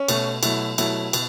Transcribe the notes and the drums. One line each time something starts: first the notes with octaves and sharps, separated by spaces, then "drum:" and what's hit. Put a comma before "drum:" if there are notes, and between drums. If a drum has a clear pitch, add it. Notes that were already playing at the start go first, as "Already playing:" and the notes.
Already playing: C#4
B2 A3, drum: cymbal
B2 F#3 A3 E4, drum: cymbal
B2 F#3 A3 E4, drum: cymbal
B2, drum: cymbal